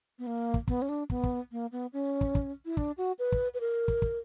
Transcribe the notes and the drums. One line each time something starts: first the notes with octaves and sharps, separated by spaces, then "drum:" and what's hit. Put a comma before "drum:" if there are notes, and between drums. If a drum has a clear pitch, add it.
B3
A#3
drum: kick
B3, drum: kick
C#4
D4
B3, drum: kick
drum: kick
A#3
B3
C#4
drum: kick
drum: kick
E4
D4, drum: kick
F#4
B4
drum: kick
B4
A#4
drum: kick
drum: kick